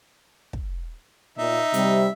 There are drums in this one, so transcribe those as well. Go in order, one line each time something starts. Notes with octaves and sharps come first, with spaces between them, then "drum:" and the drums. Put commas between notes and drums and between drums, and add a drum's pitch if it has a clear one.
drum: kick
A#2 D#4 E5
C3 G3, drum: hi-hat